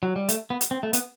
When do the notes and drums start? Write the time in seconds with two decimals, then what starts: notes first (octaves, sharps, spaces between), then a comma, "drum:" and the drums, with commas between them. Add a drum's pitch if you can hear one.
0.03 F#3
0.16 G3
0.29 A3, drum: hi-hat
0.50 B3
0.61 drum: hi-hat
0.71 C4
0.83 A3
0.93 B3, drum: hi-hat